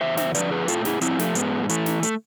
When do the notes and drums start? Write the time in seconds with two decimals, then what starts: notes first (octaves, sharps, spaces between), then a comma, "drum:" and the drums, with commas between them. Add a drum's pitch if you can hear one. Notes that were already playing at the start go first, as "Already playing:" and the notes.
0.01 E2 C5 E5
0.17 C5 E5, drum: snare
0.35 D3 F3 B4 D5, drum: hi-hat
0.51 G#4 B4
0.68 A2 F4 A4, drum: hi-hat
0.85 E4 G#4, drum: snare
1.01 F3 C4 E4, drum: hi-hat
1.19 A3, drum: snare
1.35 G#2 G#3 B3, drum: hi-hat
1.63 G#3
1.69 E3 A3, drum: hi-hat
1.86 drum: snare
2.03 A3, drum: hi-hat